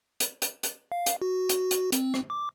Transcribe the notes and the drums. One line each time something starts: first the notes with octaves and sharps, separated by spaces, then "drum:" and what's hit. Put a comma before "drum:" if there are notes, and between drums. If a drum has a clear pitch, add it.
drum: hi-hat
drum: hi-hat
drum: hi-hat
F5
drum: hi-hat
F#4
drum: hi-hat
drum: hi-hat
C4, drum: hi-hat
drum: rim click
D6